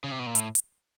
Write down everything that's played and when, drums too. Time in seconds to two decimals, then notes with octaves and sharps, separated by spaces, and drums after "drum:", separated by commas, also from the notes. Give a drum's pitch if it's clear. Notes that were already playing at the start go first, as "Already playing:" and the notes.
0.04 C#3
0.11 C3
0.19 B2
0.26 A#2
0.35 A2, drum: hi-hat
0.55 drum: hi-hat